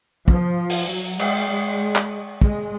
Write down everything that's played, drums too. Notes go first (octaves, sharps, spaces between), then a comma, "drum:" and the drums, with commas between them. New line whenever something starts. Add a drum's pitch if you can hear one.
F3, drum: kick
drum: open hi-hat
F#3
G#3, drum: cymbal
G#3
drum: clap
G#3, drum: kick